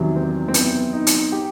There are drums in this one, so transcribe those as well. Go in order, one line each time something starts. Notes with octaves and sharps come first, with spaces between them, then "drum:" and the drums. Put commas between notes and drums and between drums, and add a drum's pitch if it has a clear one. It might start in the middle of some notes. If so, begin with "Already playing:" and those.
Already playing: E2 C3 D#3 F#3 G3
C4
C4
B3, drum: hi-hat
D#4
drum: hi-hat
G4